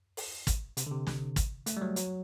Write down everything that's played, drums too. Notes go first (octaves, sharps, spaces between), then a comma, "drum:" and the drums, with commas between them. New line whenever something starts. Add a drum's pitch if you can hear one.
drum: open hi-hat
drum: kick, hi-hat
C3, drum: hi-hat
D3
C3
drum: snare
drum: kick, hi-hat
A3, drum: hi-hat
G3
F#3
F#3, drum: hi-hat